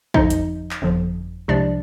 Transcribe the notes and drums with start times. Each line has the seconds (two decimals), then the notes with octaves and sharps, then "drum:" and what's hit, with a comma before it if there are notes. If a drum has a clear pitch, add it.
0.14 G1 F2 D3 F3 D#4 D#5, drum: kick A#1
0.30 drum: hi-hat
0.71 drum: clap
0.82 G1 F2 D3 F3
1.48 C2 C3 F3 G#3 D4 D5